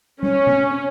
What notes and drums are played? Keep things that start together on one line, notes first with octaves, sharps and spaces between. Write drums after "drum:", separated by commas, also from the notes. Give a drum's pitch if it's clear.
C#4, drum: tom G3
drum: tom C3